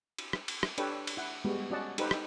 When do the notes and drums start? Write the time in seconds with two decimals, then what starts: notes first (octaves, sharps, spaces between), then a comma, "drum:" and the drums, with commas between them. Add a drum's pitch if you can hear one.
0.19 drum: cymbal
0.33 drum: rim click
0.48 drum: cymbal
0.63 drum: rim click
0.78 D4 G4 A4 B4 C#5 G5, drum: cymbal
1.07 drum: cymbal
1.17 E4 F#5
1.44 G3 G#3 B3 F#4
1.70 C#4 F#4 D5 D#5 F#5 A5
1.98 D#4 G4 A4 B4 C5, drum: cymbal
2.11 drum: rim click